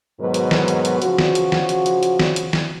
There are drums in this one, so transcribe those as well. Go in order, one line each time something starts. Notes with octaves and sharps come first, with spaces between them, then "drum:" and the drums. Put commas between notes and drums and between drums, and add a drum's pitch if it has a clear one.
G#2 B2 D#3 F#3 B4
drum: hi-hat
drum: snare
drum: hi-hat
drum: hi-hat
C#3 F3 F#4, drum: hi-hat
drum: snare
drum: hi-hat
drum: snare
drum: hi-hat
drum: hi-hat
drum: hi-hat
drum: snare
drum: hi-hat
drum: snare